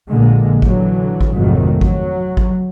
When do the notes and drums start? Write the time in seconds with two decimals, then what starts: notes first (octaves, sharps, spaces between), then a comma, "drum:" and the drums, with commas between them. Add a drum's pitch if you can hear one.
0.11 A#1 A#2 D3 G#3 A#3
0.62 D3 E3 F#3, drum: kick G#1
1.21 drum: kick G#1
1.36 G#1 F2 C3 D#3 F#3 A3
1.81 F#3, drum: kick G#1
2.37 drum: kick G#1